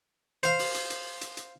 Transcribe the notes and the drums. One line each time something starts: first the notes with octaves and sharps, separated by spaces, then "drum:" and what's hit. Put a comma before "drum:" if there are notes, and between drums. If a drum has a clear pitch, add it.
C5 F5, drum: hi-hat
drum: open hi-hat
drum: hi-hat
drum: hi-hat
drum: hi-hat
drum: hi-hat